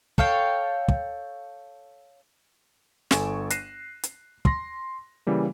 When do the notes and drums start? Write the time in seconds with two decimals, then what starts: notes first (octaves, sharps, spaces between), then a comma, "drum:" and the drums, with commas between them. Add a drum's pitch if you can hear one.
0.18 A4 C#5 F5 G5, drum: kick
0.88 drum: kick
3.11 G1 A4 G#5 C#6 D7 E7, drum: snare
3.50 F#6 A#6 C7 D#7 E7, drum: hi-hat
4.03 drum: hi-hat
4.45 C6 A#6, drum: kick
5.27 C#3 E3 G3 A#3